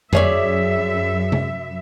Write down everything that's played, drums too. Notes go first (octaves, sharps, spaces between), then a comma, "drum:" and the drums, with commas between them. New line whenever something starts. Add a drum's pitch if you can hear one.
F#2 G#4 C#5 D5 E5, drum: tom F2
drum: tom C3